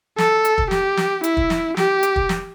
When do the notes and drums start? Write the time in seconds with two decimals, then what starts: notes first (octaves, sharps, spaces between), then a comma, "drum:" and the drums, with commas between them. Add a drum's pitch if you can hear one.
0.18 A4, drum: snare
0.45 drum: hi-hat
0.58 drum: kick
0.71 G4, drum: snare
0.97 drum: snare
1.24 E4, drum: hi-hat
1.37 drum: kick
1.50 drum: snare
1.77 G4, drum: snare
2.03 drum: hi-hat
2.16 drum: kick
2.29 drum: snare